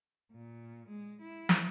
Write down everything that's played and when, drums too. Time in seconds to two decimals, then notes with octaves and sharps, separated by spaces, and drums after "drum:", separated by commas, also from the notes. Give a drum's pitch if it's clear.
0.32 A#2
0.89 G#3
1.21 E4
1.49 drum: snare